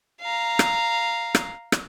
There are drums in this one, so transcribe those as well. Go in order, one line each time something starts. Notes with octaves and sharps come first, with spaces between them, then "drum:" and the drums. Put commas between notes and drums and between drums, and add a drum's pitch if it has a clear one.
F5 A#5
drum: rim click
drum: rim click
drum: rim click